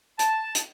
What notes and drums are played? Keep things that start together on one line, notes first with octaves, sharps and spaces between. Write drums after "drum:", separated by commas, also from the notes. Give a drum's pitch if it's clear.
A5, drum: hi-hat
drum: hi-hat